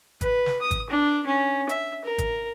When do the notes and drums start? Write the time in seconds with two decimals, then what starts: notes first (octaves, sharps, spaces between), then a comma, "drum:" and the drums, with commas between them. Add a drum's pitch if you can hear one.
0.21 B4, drum: kick G#1, hi-hat
0.46 drum: snare
0.61 D#6
0.71 drum: kick G#1, hi-hat
0.90 D4
1.26 C#4
1.69 E5, drum: hi-hat
2.05 A#4
2.18 drum: kick G#1, hi-hat